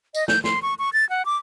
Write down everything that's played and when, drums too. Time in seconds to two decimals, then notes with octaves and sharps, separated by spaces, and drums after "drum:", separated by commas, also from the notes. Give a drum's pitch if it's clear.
0.15 D#5, drum: tambourine
0.28 G6, drum: snare
0.44 C6, drum: snare
0.62 C#6
0.79 C#6
0.93 A6
1.10 F#5
1.25 D6